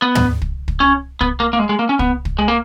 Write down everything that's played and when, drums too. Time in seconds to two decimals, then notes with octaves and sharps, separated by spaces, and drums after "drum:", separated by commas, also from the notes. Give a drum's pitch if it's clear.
0.02 B3
0.15 drum: tom
0.42 drum: kick
0.68 drum: kick
0.80 C#4
1.21 B3, drum: kick
1.40 A#3
1.53 A#3
1.59 G#3
1.69 G#3
1.79 A#3
1.89 C#4
1.99 B3, drum: kick
2.25 drum: kick
2.39 G#3
2.48 A#3